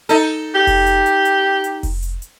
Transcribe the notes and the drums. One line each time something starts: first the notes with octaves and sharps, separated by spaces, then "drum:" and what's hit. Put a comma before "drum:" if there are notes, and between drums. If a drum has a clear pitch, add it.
D#4 A4, drum: hi-hat
G4
drum: kick F1, open hi-hat
drum: hi-hat
drum: hi-hat
drum: hi-hat
drum: hi-hat
drum: kick F1, open hi-hat
drum: hi-hat
drum: hi-hat